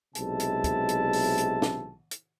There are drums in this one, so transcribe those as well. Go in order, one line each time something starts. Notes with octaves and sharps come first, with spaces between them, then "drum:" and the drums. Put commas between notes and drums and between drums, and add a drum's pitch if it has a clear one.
B1 C3 G#3 E4 A5, drum: hi-hat
drum: hi-hat
drum: kick, hi-hat
drum: hi-hat
drum: open hi-hat
drum: hi-hat
drum: snare
drum: hi-hat